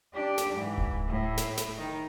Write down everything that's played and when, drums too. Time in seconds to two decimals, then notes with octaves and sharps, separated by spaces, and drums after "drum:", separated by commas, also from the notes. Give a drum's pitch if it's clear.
0.14 D4 G4
0.38 drum: snare
0.53 G#2 E3
0.78 drum: kick D1
1.08 A2
1.37 drum: snare
1.57 drum: snare
1.77 D#3 D#4